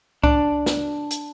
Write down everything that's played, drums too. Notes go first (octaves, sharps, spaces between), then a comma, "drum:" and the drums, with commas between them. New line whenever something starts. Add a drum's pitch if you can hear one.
D4, drum: kick C2
drum: snare
drum: hi-hat